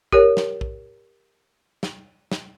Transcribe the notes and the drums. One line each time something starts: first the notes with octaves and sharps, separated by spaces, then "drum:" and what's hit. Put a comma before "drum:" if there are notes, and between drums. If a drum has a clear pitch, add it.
G4 A#4 C#5, drum: kick A#1
drum: snare
drum: kick A#1
drum: snare
drum: snare